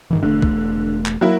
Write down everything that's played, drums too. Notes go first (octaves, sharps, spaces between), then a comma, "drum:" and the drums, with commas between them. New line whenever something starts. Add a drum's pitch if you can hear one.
G2 D#3 E3
E1 D3 A3
drum: kick
drum: clap
F#3 A#3 E4